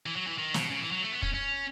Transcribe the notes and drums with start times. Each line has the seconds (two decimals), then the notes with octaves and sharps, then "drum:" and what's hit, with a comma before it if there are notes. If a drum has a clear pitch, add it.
0.06 E3
0.16 F#3
0.27 E3
0.38 D#3
0.54 B2, drum: snare
0.70 C#3
0.81 E3
0.91 F#3
1.02 A3
1.12 B3
1.22 C#4, drum: kick
1.34 C#4